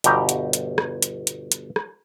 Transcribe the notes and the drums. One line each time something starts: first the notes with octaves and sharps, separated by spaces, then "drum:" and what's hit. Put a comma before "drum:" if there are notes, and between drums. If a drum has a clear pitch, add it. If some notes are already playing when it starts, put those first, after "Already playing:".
G1 B2 G4 G5 A#5, drum: hi-hat
drum: hi-hat
drum: hi-hat
drum: rim click
drum: hi-hat
drum: hi-hat
drum: hi-hat
drum: rim click